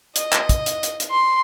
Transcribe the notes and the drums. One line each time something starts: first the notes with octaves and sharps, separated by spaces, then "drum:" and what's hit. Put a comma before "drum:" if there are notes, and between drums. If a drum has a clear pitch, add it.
D#5, drum: hi-hat
drum: clap
drum: kick, hi-hat
drum: hi-hat
drum: hi-hat
drum: hi-hat
C6